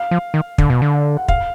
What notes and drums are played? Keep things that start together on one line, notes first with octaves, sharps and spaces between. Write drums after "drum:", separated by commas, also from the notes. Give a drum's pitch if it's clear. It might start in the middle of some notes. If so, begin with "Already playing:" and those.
Already playing: F5
F3
D#3
D3, drum: kick
B2
D3
F#5
F5, drum: kick